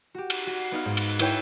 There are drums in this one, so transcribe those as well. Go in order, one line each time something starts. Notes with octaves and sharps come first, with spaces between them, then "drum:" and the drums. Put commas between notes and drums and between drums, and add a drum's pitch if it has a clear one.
F#4 G4
drum: cymbal
F#4
C7
B3 D#4 F5
G#2
drum: cymbal
E4 B4 C#5 G5 G#5, drum: cymbal